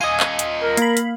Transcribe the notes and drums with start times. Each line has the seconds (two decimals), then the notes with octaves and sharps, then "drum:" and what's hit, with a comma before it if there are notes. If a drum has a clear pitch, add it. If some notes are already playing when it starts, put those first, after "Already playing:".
0.01 F4 D#5 G#5 D#6
0.20 drum: clap
0.39 drum: hi-hat
0.62 A#4
0.77 A#3 F5 B5, drum: hi-hat
0.97 drum: hi-hat